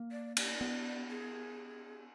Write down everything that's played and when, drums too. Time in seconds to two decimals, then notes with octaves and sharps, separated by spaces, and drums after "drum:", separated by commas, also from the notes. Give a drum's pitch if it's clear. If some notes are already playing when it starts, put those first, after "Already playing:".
Already playing: A#3
0.12 D5
0.37 D5, drum: cymbal
0.61 B3
1.10 G#4